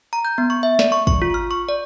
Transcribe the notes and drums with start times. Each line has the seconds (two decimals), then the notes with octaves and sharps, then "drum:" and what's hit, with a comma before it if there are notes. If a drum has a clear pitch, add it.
0.13 A#5
0.25 G6
0.38 B3
0.50 C#6
0.63 E5
0.79 D5, drum: snare
0.92 C#6
1.07 C#6, drum: kick
1.22 F4
1.34 F6
1.51 C#6
1.69 D5